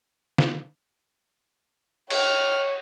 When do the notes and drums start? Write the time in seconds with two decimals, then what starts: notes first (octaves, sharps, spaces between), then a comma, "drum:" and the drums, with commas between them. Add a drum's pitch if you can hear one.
0.38 drum: snare
2.10 C#5 G5 F6, drum: cymbal